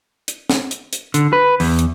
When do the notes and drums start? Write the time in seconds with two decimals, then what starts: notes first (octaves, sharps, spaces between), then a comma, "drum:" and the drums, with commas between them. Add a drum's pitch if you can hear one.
0.28 drum: hi-hat
0.50 drum: snare
0.71 drum: hi-hat
0.93 drum: hi-hat
1.14 D3, drum: hi-hat
1.33 B4
1.60 E2, drum: open hi-hat
1.79 drum: hi-hat